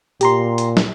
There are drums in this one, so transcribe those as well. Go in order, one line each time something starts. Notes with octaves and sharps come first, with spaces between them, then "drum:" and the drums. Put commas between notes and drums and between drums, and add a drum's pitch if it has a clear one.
A#2 G4 A#5 C6, drum: hi-hat
drum: hi-hat
drum: snare